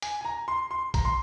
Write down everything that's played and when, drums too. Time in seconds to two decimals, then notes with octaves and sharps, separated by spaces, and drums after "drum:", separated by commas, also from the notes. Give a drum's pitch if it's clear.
0.02 G#5, drum: hi-hat
0.21 G#5
0.25 A#5
0.48 C6
0.71 C6
0.94 A#5, drum: kick, hi-hat
1.05 C6